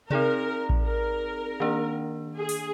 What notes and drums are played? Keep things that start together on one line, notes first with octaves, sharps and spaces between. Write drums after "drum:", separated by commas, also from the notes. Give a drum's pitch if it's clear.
C4 D#4 G#4 A#4 D5, drum: tom C3
drum: kick A1
A#4
D#3 A#3 D4
G#4
drum: open hi-hat